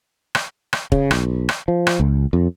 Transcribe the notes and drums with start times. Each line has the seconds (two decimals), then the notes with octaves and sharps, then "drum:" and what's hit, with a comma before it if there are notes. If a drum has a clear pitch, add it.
0.35 drum: rim click
0.73 drum: rim click
0.92 C#3, drum: kick
1.11 B1, drum: rim click
1.49 drum: rim click
1.68 F3
1.87 drum: rim click
2.00 C#2
2.33 F2